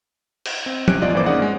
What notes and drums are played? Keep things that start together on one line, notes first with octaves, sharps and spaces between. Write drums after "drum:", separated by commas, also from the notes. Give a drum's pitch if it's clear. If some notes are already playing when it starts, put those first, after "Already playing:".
drum: cymbal
C4
C3 C#4 F#6 D7, drum: tom
E2 F4 D5 D#5 F#6
G#1 E3 A#3 C5 D5 D6
A#3 C#4 D#4 G#4 D5 F#5
G#3